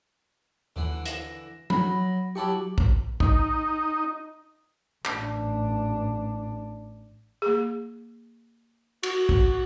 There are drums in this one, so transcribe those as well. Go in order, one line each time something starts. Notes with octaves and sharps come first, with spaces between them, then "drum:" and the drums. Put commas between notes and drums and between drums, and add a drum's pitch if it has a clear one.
D#2 D3 E3
A#6 E7, drum: hi-hat
F#3 B5 A#6, drum: tom
F#3 E4 G4 A5 C#6 D6
drum: kick
D#4, drum: kick
A1 D4, drum: clap
A#3 G#4
F#4, drum: cymbal
drum: kick